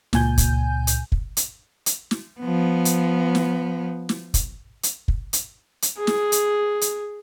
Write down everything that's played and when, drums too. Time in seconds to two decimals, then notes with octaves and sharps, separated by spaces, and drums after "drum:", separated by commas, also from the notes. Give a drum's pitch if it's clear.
0.13 C#2 A#2 G#5 G6, drum: snare
0.38 drum: kick, hi-hat
0.87 drum: hi-hat
1.12 drum: kick
1.37 drum: hi-hat
1.86 drum: hi-hat
2.11 drum: snare
2.41 F3 B3
2.85 drum: hi-hat
3.35 drum: snare
4.09 drum: snare
4.34 drum: kick, hi-hat
4.83 drum: hi-hat
5.08 drum: kick
5.33 drum: hi-hat
5.82 drum: hi-hat
5.98 G#4
6.07 drum: snare
6.32 drum: hi-hat
6.81 drum: hi-hat